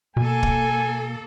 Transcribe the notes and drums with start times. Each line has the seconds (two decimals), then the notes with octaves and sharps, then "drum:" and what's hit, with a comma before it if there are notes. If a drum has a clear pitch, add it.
0.17 B2 A#3 A4 G#5
0.43 drum: kick